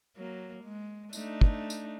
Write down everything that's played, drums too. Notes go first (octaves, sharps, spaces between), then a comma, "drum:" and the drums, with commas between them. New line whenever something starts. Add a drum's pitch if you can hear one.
F#3 A#3
G#3
A3 D4 D#4, drum: tambourine
drum: kick
drum: tambourine